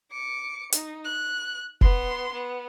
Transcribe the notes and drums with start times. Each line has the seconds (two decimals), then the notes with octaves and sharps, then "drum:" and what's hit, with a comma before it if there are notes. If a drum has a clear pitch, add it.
0.11 D6 C#7
0.72 D#4, drum: hi-hat
1.05 F#6
1.81 B3 C6, drum: kick F1
2.32 B3